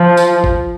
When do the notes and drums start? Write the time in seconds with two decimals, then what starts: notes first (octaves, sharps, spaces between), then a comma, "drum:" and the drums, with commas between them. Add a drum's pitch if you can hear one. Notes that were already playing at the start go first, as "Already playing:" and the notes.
Already playing: F3
0.17 drum: tambourine
0.44 drum: kick